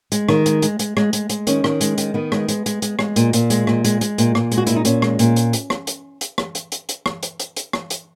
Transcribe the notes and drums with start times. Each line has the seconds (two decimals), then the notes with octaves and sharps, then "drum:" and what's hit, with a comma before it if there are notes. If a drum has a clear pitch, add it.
0.12 G#3, drum: hi-hat
0.29 D#3, drum: rim click
0.46 G#3, drum: hi-hat
0.62 G#3, drum: hi-hat
0.79 G#3, drum: hi-hat
0.97 G#3, drum: rim click
1.13 G#3, drum: hi-hat
1.29 G#3, drum: hi-hat
1.47 D#3 C#4, drum: hi-hat
1.64 D#3, drum: rim click
1.81 G#3, drum: hi-hat
1.98 D#3, drum: hi-hat
2.14 D#3 B3
2.32 G#3, drum: rim click
2.49 G#3, drum: hi-hat
2.66 G#3, drum: hi-hat
2.82 G#3, drum: hi-hat
2.99 G#3, drum: rim click
3.16 A#2, drum: hi-hat
3.33 A#2, drum: hi-hat
3.50 G#3, drum: hi-hat
3.67 A#2, drum: rim click
3.85 G#3, drum: hi-hat
4.01 G#3, drum: hi-hat
4.18 A#2, drum: hi-hat
4.35 A#2, drum: rim click
4.52 G#3, drum: hi-hat
4.58 F#4
4.67 A#2 E4, drum: hi-hat
4.76 D#4
4.85 A#2 C#4, drum: hi-hat
5.02 G#3, drum: rim click
5.19 A#2, drum: hi-hat
5.36 drum: hi-hat
5.53 drum: hi-hat
5.70 drum: rim click
5.87 drum: hi-hat
6.21 drum: hi-hat
6.38 drum: rim click
6.55 drum: hi-hat
6.72 drum: hi-hat
6.89 drum: hi-hat
7.06 drum: rim click
7.23 drum: hi-hat
7.40 drum: hi-hat
7.56 drum: hi-hat
7.73 drum: rim click
7.90 drum: hi-hat